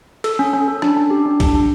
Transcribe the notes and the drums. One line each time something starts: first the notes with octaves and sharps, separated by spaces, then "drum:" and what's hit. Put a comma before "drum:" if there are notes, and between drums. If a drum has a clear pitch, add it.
A4, drum: cymbal
C#4
C#4
A4
D4, drum: rim click
D4
G4
D4
D4, drum: kick C2, cymbal
D4